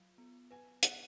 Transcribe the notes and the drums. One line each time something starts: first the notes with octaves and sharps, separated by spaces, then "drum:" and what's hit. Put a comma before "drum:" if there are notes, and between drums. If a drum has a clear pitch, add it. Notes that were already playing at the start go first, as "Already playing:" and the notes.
Already playing: F#3 F4
B3
B4 G#5
G#4 F#5, drum: hi-hat